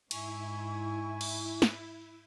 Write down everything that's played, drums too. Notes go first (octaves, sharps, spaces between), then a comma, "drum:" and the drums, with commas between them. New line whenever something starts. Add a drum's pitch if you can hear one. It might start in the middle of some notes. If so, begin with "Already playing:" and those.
G#2 E4 G#5 C#6, drum: cymbal
drum: cymbal
drum: snare